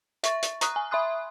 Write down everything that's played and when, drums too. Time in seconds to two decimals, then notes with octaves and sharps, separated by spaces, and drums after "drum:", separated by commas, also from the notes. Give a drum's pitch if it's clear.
0.24 E5 C#6 A6, drum: hi-hat
0.43 drum: hi-hat
0.61 A#5 C#6 D#6 F#6, drum: hi-hat
0.76 G#5
0.91 E5 B5 C6 D#6 F#6